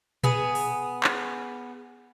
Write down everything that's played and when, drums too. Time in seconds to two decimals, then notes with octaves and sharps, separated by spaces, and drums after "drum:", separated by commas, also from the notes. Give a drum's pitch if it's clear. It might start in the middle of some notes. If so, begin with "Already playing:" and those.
0.24 B3 G#4, drum: tom A#2
0.55 drum: open hi-hat
1.04 drum: clap